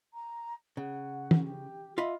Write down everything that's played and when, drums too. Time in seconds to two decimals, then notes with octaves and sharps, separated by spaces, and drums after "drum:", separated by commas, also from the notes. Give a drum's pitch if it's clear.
0.13 A#5
0.77 C#3 F#5
1.31 drum: tom
1.43 G4
1.98 F4 D#5 E5 B5